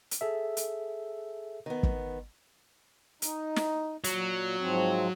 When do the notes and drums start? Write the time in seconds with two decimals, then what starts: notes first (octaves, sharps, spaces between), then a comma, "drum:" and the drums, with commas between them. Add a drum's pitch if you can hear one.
0.11 drum: hi-hat
0.21 G#4 A4 E5
0.57 drum: hi-hat
1.66 D#3 B3
1.83 drum: kick
3.22 D#4, drum: hi-hat
3.56 drum: snare
4.04 A#2 F#3, drum: hi-hat
4.58 G#2 F3 C4